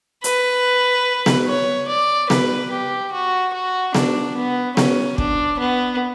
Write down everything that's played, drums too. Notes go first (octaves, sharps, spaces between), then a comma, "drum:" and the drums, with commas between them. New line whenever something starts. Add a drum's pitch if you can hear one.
B4, drum: hi-hat
drum: snare B3
C#5
D5
B4, drum: snare B3
G4
F#4
F#4
D4, drum: snare B3
B3
C#4, drum: snare B3
D4, drum: kick
B3